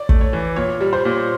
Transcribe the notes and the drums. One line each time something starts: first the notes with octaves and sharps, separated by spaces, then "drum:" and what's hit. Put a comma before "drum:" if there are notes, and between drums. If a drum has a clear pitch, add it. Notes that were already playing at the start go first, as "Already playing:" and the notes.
Already playing: C#5 D5
A3, drum: kick
C#5
E3
A#2 C#5
G3
C5
A#2